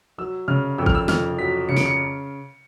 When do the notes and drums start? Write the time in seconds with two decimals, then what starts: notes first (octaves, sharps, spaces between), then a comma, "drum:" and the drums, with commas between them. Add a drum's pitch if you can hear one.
0.18 F#3 E6
0.48 C#3 F6
0.78 F2 E6
0.86 F6, drum: kick
0.95 E6
1.08 F2 F6, drum: snare
1.39 F#3 B6
1.69 C#3 C#7
1.76 D7, drum: snare
1.86 C#7